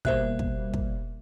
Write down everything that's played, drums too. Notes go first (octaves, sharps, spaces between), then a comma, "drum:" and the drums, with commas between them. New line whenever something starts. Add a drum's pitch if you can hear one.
B2 G3 A#3 C5 E5 F#6, drum: kick
drum: kick
drum: kick